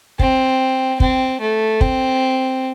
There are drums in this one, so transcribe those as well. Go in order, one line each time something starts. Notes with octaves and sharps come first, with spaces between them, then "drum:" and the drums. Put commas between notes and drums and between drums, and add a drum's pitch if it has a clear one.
C4, drum: kick
C4, drum: kick
A3
C4, drum: kick